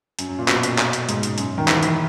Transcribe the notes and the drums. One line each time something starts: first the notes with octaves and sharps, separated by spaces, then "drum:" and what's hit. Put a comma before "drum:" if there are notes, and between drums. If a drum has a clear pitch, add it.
F#2, drum: hi-hat
F#2
A#2
B2, drum: clap
drum: hi-hat
drum: clap
drum: hi-hat
G#2, drum: hi-hat
drum: hi-hat
F#2, drum: hi-hat
D#3
E3, drum: clap
E3, drum: hi-hat